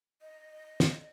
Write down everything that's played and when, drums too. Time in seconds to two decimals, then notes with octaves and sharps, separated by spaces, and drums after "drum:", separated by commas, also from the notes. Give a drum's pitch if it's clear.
0.22 D#5
0.80 drum: snare